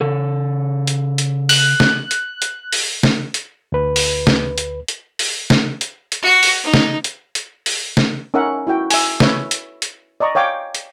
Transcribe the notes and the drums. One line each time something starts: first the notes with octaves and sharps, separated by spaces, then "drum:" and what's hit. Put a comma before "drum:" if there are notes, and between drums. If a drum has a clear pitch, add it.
C#3 A4
drum: hi-hat
drum: hi-hat
F#6, drum: open hi-hat
drum: snare
drum: hi-hat
drum: hi-hat
drum: open hi-hat
drum: snare
drum: hi-hat
D2 B4
drum: open hi-hat
drum: snare
drum: hi-hat
drum: hi-hat
drum: open hi-hat
drum: snare
drum: hi-hat
drum: hi-hat
F#4
drum: open hi-hat
D#4
drum: snare
drum: hi-hat
drum: hi-hat
drum: open hi-hat
drum: snare
C#4 D#4 A#4 E5 F#5
E4 F#4 G5
E5 G#5, drum: open hi-hat
B4 C#5 E5, drum: snare
drum: hi-hat
drum: hi-hat
D5 D#5 A#5 C#6
C#5 F5 G5 D6
drum: hi-hat